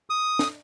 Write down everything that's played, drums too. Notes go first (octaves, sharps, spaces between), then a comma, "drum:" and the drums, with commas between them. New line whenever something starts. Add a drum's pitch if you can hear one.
D#6
drum: snare